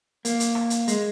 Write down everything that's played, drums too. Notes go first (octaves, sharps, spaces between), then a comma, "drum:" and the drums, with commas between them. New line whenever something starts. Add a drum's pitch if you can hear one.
A#3, drum: hi-hat
drum: hi-hat
drum: rim click
drum: hi-hat
G#3, drum: hi-hat